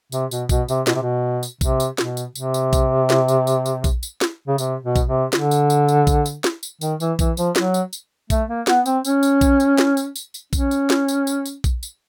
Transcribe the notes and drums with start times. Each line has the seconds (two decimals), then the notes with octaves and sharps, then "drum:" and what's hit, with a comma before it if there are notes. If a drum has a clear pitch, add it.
0.12 C3, drum: tambourine
0.31 B2, drum: tambourine
0.49 B2, drum: kick A#1, tambourine
0.68 C3, drum: tambourine
0.87 B2, drum: snare
0.95 C3
1.02 B2
1.43 drum: tambourine
1.61 C3, drum: kick A#1, tambourine
1.80 drum: tambourine
1.98 B2, drum: snare
2.17 drum: tambourine
2.35 C3, drum: tambourine
2.54 drum: tambourine
2.73 drum: kick A#1, tambourine
3.10 drum: snare
3.28 drum: tambourine
3.47 drum: tambourine
3.66 drum: tambourine
3.84 drum: kick A#1, tambourine
4.03 drum: tambourine
4.21 drum: snare
4.48 C#3
4.58 C3, drum: tambourine
4.83 B2
4.96 drum: kick A#1, tambourine
5.08 C3
5.33 D3, drum: snare
5.51 drum: tambourine
5.70 drum: tambourine
5.88 drum: tambourine
6.07 drum: kick A#1, tambourine
6.26 drum: tambourine
6.44 drum: snare
6.63 drum: tambourine
6.81 D#3, drum: tambourine
7.00 E3, drum: tambourine
7.19 E3, drum: kick A#1, tambourine
7.37 F3, drum: tambourine
7.56 F#3, drum: snare
7.74 drum: tambourine
7.93 drum: tambourine
8.30 A3, drum: kick A#1, tambourine
8.49 A#3
8.67 B3, drum: snare
8.86 C4, drum: tambourine
9.05 C#4, drum: tambourine
9.23 drum: tambourine
9.41 drum: kick A#1, tambourine
9.60 drum: tambourine
9.78 drum: snare
9.97 drum: tambourine
10.16 drum: tambourine
10.34 drum: tambourine
10.53 C#4, drum: kick A#1, tambourine
10.71 drum: tambourine
10.90 drum: snare
11.08 drum: tambourine
11.27 drum: tambourine
11.46 drum: tambourine
11.64 drum: kick A#1, tambourine
11.83 drum: tambourine